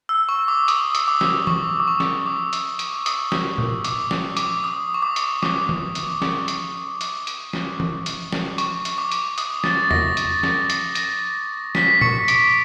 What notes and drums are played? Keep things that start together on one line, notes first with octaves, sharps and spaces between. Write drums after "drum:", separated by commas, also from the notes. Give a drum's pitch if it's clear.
E6
C#6
D6
D#6, drum: hi-hat
drum: hi-hat
D6
drum: snare
C#6, drum: tom E3
D6
C#6
drum: snare
D6
drum: hi-hat
drum: hi-hat
D#6, drum: hi-hat
drum: snare
drum: tom A#2
D6, drum: hi-hat
drum: snare
D6, drum: hi-hat
D#6
C#6
D6
drum: hi-hat
D6, drum: snare
drum: tom D#3
drum: hi-hat
drum: snare
drum: hi-hat
drum: hi-hat
drum: hi-hat
drum: snare
drum: tom E3
drum: hi-hat
drum: snare
C#6, drum: hi-hat
drum: hi-hat
D6
drum: hi-hat
D#6, drum: hi-hat
A6, drum: snare
A#6, drum: tom E2
drum: hi-hat
drum: snare
drum: hi-hat
A#6, drum: hi-hat
B6, drum: snare
C#6 C#7, drum: tom A#2
D6 D7, drum: hi-hat